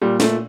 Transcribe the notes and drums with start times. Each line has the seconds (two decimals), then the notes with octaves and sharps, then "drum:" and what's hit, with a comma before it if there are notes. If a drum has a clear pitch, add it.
0.02 A#2 G3
0.20 A#2 A3, drum: snare